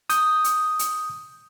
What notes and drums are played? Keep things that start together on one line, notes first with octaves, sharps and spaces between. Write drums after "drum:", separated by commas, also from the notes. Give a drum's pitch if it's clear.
D#6 G6, drum: hi-hat
drum: hi-hat
drum: hi-hat